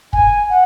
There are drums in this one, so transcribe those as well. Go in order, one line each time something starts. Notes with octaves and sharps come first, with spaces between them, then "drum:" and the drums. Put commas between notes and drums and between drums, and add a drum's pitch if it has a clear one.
G#5, drum: kick
F#5